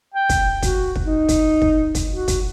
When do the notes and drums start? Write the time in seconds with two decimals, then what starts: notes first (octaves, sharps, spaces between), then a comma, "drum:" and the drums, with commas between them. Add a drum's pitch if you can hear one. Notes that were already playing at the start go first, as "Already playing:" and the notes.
0.14 G5
0.29 drum: kick, hi-hat
0.62 F#4, drum: kick, hi-hat
0.96 drum: kick
1.06 D#4
1.29 drum: kick, hi-hat
1.62 drum: kick
1.95 drum: kick, hi-hat
2.09 F#4
2.28 drum: kick, hi-hat